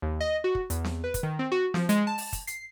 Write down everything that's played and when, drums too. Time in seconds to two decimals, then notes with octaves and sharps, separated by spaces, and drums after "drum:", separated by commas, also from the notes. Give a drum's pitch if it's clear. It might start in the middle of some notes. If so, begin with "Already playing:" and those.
0.02 D#2
0.21 D#5
0.44 F#4
0.55 drum: kick
0.70 E2, drum: hi-hat
0.84 drum: snare C4
1.04 B4
1.14 drum: kick, hi-hat
1.23 D#3
1.39 C4
1.52 F#4
1.74 F3, drum: snare C4
1.89 G#3, drum: hi-hat
2.07 A5
2.18 drum: open hi-hat
2.33 drum: kick, hi-hat
2.47 C7, drum: hi-hat